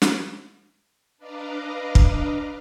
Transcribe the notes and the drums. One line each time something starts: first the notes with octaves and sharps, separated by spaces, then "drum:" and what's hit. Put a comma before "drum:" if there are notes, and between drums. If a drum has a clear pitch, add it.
drum: snare
D4 B4 D5 D#5 F5 A#5
drum: kick